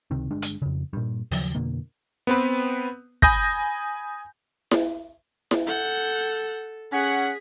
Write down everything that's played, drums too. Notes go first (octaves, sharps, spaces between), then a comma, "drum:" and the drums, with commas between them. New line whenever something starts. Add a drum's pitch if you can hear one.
C#2 C3 D#3
G1 G#3 D4
drum: hi-hat
F2 C#3
G2 A#2
D#2 C#3 F3 F#3, drum: open hi-hat
F2 B2 D3 A#3
B3 C4 B4
G#5 B5 D#6 G6 A#6, drum: kick
drum: snare E4
drum: snare E4
A4 F#5 G6
C#4 G#4 F#5 B6